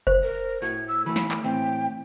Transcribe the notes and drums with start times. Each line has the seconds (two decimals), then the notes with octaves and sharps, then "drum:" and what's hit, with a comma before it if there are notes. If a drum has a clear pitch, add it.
0.07 C5, drum: kick F#1
0.23 A#4
0.62 A2 A3 F#4 G#6
0.88 E6
1.06 E3 A3 B5
1.16 drum: snare
1.31 drum: clap
1.44 A2 E3 C4 G5